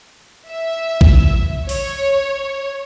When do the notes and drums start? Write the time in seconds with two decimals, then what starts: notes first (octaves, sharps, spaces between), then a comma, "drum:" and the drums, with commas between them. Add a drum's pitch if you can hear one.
0.50 E5
1.01 drum: kick A#1
1.69 C#5, drum: open hi-hat